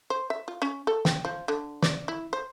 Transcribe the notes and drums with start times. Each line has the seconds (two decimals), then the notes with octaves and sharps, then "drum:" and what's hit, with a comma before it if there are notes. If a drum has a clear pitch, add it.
0.10 C5
0.30 E5
0.48 F4
0.62 C#4
0.87 A4
1.05 G5, drum: snare
1.25 F3
1.48 D3
1.82 D5, drum: snare
2.08 E4
2.33 C5